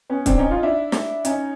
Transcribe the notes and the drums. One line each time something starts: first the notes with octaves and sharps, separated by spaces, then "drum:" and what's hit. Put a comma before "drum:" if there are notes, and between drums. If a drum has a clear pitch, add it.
B3 C#4
C4 D4, drum: kick, hi-hat
C#4 D#4
D#4 F4
D4 E4
drum: snare
C#4 D#4, drum: hi-hat